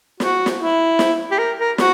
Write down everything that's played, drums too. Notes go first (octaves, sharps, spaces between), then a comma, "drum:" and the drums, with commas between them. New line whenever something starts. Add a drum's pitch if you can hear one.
F#4, drum: snare
drum: snare
E4
drum: snare
G4
A#4
A#4
F#4, drum: snare